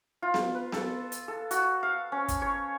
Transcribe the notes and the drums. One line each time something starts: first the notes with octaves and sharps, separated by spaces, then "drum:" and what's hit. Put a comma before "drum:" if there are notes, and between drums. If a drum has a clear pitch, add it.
F4
drum: snare B3
B4
A4, drum: snare B3
drum: hi-hat
A4
F#4, drum: hi-hat
F5
C#4
drum: kick, hi-hat
C#5